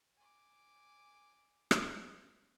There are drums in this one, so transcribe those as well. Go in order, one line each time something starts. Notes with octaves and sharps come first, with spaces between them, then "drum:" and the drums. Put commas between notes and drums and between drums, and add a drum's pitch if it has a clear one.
G#5 D6
drum: rim click